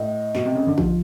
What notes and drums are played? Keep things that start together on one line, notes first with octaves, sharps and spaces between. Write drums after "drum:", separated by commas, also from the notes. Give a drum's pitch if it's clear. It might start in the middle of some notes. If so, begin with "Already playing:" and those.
Already playing: A2 D#5
B2, drum: snare
C3
C#3
D3
F3, drum: kick A1